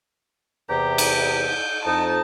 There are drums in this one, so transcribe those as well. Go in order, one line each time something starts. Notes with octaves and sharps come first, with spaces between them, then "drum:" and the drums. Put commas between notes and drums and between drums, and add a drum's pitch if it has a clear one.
E2 C3 G4 A#5
drum: cymbal
G6
F2 D#4 A5